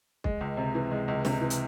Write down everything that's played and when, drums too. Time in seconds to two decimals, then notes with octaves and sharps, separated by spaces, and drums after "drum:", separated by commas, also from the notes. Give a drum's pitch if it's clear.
0.24 G#3, drum: kick
0.41 C#2
0.57 C3
0.75 E3
0.91 G#3
1.08 C#2
1.25 C3, drum: snare
1.41 E3
1.50 drum: hi-hat